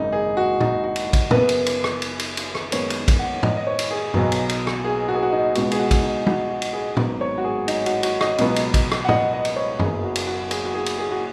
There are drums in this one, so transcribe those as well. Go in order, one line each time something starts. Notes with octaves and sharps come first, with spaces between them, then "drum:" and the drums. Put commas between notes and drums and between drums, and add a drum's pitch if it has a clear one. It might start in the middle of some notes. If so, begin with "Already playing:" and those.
Already playing: G#1 F#2 C#3 D#4
G#4
F#4
D#4, drum: tom
F#4
drum: cymbal
drum: kick A#1, cymbal
F#2 C#3 B3 B4, drum: tom
drum: cymbal
drum: cymbal
drum: rim click
drum: cymbal
drum: cymbal
drum: cymbal
drum: rim click
F#2 D#3 G#3 B3 C#5, drum: cymbal
drum: cymbal
drum: kick A#1, cymbal
F#5
D#5, drum: tom
D#5
C#5
drum: cymbal
G#4
B1 B2 F#3 B3, drum: tom G2
drum: cymbal
drum: cymbal
drum: rim click
G#4
F#4
G#4
F#4
D#4
C#2 B2 G#3 B3 F#4, drum: cymbal
G#4, drum: cymbal
F#4
drum: kick A#1, cymbal
D#4
F#4, drum: tom
F#4
drum: cymbal
G#4
G#1 G#2 F#3 B3, drum: tom
C#5
F#4
G#4
D#4, drum: cymbal
F#4, drum: cymbal
F#4, drum: cymbal
D#5, drum: rim click
C#2 B2 F#3 B3, drum: cymbal
drum: cymbal
drum: kick A#1, cymbal
drum: rim click
F#5
D#5, drum: tom
D#5
drum: cymbal
C#5
F#1 F#2 F#3 B3 G#4, drum: tom G2
F#4
drum: cymbal
F#4
G#4, drum: cymbal
F#4
G#4
drum: cymbal
G#4
F#4